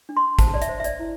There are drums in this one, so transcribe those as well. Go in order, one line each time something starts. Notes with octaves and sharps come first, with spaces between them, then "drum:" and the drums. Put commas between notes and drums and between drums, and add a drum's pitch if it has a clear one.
D4
C6
C5 A5, drum: kick, hi-hat
D5
E5, drum: hi-hat
C5
E5
D5, drum: hi-hat
E4